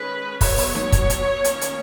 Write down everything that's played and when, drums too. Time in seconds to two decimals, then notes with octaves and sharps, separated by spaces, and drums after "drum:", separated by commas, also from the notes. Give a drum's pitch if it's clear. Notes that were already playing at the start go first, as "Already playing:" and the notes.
Already playing: D#3 G#3 C#4 B4
0.41 F#3 B3 C#5, drum: kick, open hi-hat
0.58 drum: open hi-hat
0.75 drum: snare D#4
0.92 drum: kick, hi-hat
1.10 drum: hi-hat
1.44 D#3 A#3 C#4, drum: hi-hat
1.61 drum: hi-hat